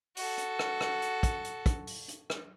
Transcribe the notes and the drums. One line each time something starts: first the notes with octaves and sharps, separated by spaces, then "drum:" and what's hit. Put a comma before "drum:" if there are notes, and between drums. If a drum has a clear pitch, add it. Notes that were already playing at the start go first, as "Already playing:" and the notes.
F#4 A4, drum: open hi-hat
drum: hi-hat
drum: rim click
drum: rim click
drum: hi-hat
drum: kick, hi-hat
drum: hi-hat
drum: kick, hi-hat
drum: open hi-hat
drum: hi-hat
drum: rim click